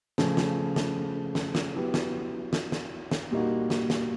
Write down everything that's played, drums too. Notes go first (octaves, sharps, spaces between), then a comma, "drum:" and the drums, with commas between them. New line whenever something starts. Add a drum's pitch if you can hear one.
C#3 F3 A3, drum: snare
drum: snare
drum: snare
drum: snare
drum: snare
F#3 B3 E4 G4 B4
drum: snare
drum: snare
drum: snare
drum: snare
A#2 G3 A#3 D#4 F#4
drum: snare
drum: snare